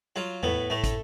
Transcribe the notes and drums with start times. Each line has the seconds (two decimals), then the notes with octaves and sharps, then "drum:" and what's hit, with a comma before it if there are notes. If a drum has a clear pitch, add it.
0.16 F#3 F4
0.43 A2 B3, drum: tom E2
0.70 A2 A3
0.84 drum: kick, hi-hat